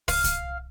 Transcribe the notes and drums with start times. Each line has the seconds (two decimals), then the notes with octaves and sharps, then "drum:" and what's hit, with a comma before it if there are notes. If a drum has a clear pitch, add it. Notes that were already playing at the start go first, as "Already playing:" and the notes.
0.08 F5, drum: kick, open hi-hat
0.24 drum: kick, hi-hat